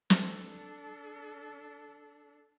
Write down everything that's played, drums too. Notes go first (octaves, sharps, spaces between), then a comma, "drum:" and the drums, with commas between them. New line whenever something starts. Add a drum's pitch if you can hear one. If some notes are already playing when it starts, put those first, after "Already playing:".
D4 A4, drum: snare